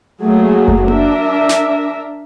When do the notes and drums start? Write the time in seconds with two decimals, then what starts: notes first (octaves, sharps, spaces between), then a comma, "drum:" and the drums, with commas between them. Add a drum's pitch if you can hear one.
0.22 F#3 A3 A#3 G#4
0.68 drum: kick F#1
0.88 D4 A#4 E5, drum: tom A#3
1.49 drum: snare